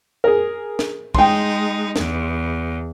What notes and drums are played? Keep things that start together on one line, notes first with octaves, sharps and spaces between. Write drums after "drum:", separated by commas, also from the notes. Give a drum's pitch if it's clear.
G#4 A#4
drum: snare
G#3 D#4 G5 C6, drum: kick
E2, drum: snare